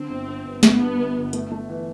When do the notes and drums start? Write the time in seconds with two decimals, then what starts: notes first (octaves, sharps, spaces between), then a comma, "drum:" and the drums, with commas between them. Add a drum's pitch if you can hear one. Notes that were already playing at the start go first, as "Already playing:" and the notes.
Already playing: D3 C4
0.09 G1
0.27 D3
0.45 G2
0.63 G1 B3, drum: snare
0.80 G2
0.98 G1
1.16 G1
1.33 A3, drum: hi-hat
1.52 A3
1.69 E3